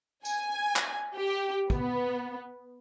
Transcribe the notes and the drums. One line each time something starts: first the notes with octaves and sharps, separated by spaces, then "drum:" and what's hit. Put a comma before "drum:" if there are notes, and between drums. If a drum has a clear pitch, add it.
G#5, drum: tambourine
drum: clap
G4
B3, drum: kick